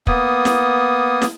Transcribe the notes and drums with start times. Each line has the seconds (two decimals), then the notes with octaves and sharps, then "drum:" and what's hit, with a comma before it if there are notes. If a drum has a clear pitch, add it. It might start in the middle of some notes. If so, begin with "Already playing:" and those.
0.07 A#3 B3 D#6, drum: kick
0.45 drum: snare
1.22 drum: snare